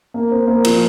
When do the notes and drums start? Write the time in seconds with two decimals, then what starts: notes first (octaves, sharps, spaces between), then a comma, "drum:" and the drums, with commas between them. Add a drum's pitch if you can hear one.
0.14 A#3
0.31 C4
0.47 A#3
0.65 F3, drum: cymbal